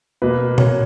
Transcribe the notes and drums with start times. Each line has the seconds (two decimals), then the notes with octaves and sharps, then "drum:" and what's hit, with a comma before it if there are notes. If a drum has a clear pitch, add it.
0.22 B2 A#3 B4
0.58 C#5, drum: tom A#2